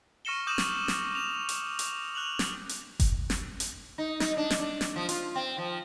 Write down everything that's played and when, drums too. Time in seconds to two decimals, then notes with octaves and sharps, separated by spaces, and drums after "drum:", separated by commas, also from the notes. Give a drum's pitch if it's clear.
0.25 C#6 F6 A#6 C#7 E7 G7
0.47 D6 D#6 G6 E7 F#7
0.58 drum: snare
0.88 drum: snare
1.15 F7
1.49 drum: hi-hat
1.79 drum: hi-hat
2.15 F#6 F7 F#7
2.39 drum: snare
2.69 drum: hi-hat
3.00 drum: kick F#1, hi-hat
3.30 drum: snare
3.60 drum: hi-hat
3.98 D#4
4.20 D#4, drum: snare
4.37 D4
4.50 drum: snare
4.60 D4
4.81 drum: snare
4.96 F3
5.09 F4, drum: hi-hat
5.35 C4
5.58 F3